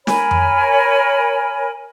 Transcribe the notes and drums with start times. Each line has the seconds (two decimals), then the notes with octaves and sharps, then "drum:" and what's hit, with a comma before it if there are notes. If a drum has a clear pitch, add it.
0.07 A#4 C#5 G#5 B5, drum: snare
0.31 drum: tom F2